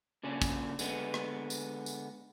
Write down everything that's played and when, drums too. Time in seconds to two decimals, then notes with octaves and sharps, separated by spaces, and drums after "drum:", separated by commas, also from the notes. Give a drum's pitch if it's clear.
0.23 A#2 C#3 C#4 D4
0.42 drum: kick, tambourine
0.79 D3 G#3 B3, drum: tambourine
1.14 drum: rim click
1.50 drum: tambourine
1.86 drum: tambourine